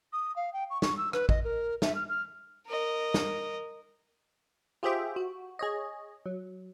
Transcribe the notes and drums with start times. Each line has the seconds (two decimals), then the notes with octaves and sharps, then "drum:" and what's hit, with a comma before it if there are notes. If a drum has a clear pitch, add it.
0.13 D#6
0.36 F5
0.53 G5
0.70 C#6
0.82 C#6, drum: snare
0.97 E6
1.13 B4, drum: rim click
1.29 D#5, drum: kick A1
1.44 A#4
1.82 E5, drum: snare
1.95 F6
2.09 F6
2.67 A#4 D#5
3.14 drum: snare
4.83 F4 G4 G#4 C5 E5 G5
5.16 F#4
5.59 G#4 C#5 D#5
6.26 F#3